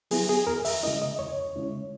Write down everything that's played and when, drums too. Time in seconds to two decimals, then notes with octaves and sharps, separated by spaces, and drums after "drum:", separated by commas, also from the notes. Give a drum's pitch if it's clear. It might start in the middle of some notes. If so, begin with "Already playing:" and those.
0.11 F#3 B3 E4 G#4, drum: open hi-hat
0.29 G#4
0.47 E2 A#4
0.65 E5, drum: open hi-hat
0.83 C#3 G#3 C#4 E4 D#5
1.02 D#5
1.19 E2 C#5
1.56 C#3 G#3 C#4 E4